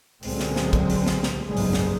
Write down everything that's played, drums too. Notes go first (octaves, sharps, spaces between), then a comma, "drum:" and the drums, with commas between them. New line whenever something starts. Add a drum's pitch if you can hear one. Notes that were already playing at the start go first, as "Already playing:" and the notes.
C#2 A#2 D3 F#3 G#3 C4, drum: open hi-hat
drum: snare
drum: snare
drum: kick, hi-hat
drum: open hi-hat
drum: snare
drum: snare
F#1 B1 G#2 G3 G#3 B3
drum: open hi-hat
drum: snare